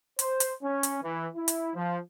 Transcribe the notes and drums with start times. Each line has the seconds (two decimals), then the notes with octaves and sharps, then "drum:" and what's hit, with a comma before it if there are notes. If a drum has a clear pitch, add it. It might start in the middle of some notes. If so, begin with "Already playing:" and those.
0.19 C5, drum: hi-hat
0.40 drum: hi-hat
0.62 C#4
0.83 drum: hi-hat
1.02 E3
1.35 E4
1.48 drum: hi-hat
1.75 F3